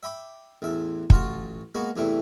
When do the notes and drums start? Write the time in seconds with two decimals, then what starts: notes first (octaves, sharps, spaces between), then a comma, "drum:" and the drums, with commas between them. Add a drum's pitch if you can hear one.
0.03 E5 G5 B5 D6
0.62 A1 E2 E5
1.10 A1 F4 F#4 A5, drum: kick
1.75 G#3 A#3 B3 F#4
1.96 E2 G2 C3 E3 A3